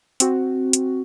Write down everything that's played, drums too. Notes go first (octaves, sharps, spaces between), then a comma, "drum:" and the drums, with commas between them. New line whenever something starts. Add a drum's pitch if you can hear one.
C4 F#4, drum: hi-hat
drum: hi-hat